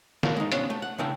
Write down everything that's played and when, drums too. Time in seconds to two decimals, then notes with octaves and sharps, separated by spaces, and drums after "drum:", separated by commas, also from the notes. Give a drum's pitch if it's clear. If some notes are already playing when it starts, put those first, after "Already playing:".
0.23 A3 F#4 A#4 F5, drum: snare
0.37 G#3 D#4
0.52 C3 B3 C#4 D4 F4, drum: hi-hat
0.70 A3
0.82 F#5
0.98 C#3 A3 D4 E4 G5